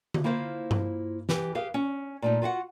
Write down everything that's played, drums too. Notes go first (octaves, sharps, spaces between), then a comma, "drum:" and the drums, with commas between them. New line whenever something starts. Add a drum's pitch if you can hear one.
drum: tom D3
A#3 E4 F4 C5 F5
drum: tom G2
E3 G4, drum: snare
G4 G#4 B4 F5
C#4
A#2 A3 D#4
F4 F#4 F5 F#5